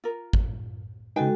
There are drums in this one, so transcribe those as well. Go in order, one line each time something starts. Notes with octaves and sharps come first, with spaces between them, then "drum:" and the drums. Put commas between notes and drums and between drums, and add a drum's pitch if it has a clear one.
F4 A#4
drum: kick G#1
C#3 G#3 D#4 F#4 A4 B4 G5 G#5